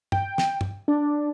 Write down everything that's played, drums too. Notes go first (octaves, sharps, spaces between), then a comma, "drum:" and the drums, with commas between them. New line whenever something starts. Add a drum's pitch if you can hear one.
G5, drum: tom
drum: snare
drum: tom
D4